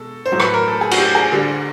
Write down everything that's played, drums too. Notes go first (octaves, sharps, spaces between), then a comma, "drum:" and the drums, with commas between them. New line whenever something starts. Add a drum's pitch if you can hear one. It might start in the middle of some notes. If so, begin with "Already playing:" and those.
Already playing: B2 G#3 A4
C5
A2 F#3
B4, drum: rim click
A#4
A4
G#4
F#4, drum: cymbal
G4
G#4
D3 G3